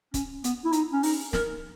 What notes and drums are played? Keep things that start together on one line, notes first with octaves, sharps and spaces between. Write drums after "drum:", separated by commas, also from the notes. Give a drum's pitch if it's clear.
C#4, drum: kick, hi-hat
B3, drum: hi-hat
E4
D#4, drum: hi-hat
C#4
D#4, drum: open hi-hat
A#4, drum: snare